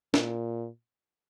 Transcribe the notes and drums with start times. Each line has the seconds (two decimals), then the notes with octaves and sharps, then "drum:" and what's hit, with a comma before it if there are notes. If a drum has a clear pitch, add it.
0.14 A#2, drum: snare